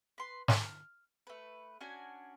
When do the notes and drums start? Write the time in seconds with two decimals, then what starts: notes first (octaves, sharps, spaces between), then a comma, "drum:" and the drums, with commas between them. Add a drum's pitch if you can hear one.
0.18 B4 C6
0.48 F6, drum: snare
1.27 A3 B4
1.81 C#4 D4 F#4 G#5